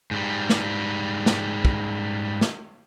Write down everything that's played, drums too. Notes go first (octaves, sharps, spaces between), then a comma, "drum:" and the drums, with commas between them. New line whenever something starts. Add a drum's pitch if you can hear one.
G#2 G3
drum: snare
drum: snare
drum: kick
drum: snare